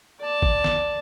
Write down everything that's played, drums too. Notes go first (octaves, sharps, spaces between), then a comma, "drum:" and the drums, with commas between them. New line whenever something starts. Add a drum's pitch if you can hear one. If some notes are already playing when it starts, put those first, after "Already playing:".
D5 A5
drum: kick G#1
drum: snare